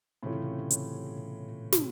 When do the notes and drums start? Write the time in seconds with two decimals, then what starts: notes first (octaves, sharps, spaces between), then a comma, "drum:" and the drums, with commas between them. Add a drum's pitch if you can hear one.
0.23 A2 C3 E3 A3 C#4 F4
0.33 C#3
0.42 C3
0.59 C3
0.71 C#3, drum: hi-hat
1.06 B2
1.18 C3
1.49 A#2
1.72 C3, drum: snare